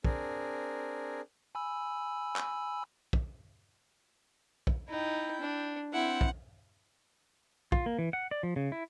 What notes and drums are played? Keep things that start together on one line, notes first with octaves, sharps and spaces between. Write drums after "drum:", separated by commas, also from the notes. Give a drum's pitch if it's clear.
C4 D4 G#4 A#4, drum: kick
G#5 B5 E6
drum: clap
drum: kick
drum: kick
D#4 E4 G5
D4
C4 E4 F#5
drum: kick
F4, drum: kick
A#3
E3
F#5
D5
F3
C#3
E4